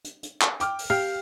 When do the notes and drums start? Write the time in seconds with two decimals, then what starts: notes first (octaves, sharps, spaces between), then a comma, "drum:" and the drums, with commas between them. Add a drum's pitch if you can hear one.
0.04 drum: hi-hat
0.23 drum: hi-hat
0.41 drum: clap
0.60 G5 D6 F6, drum: hi-hat
0.79 drum: open hi-hat
0.90 G4 F5 G5 F6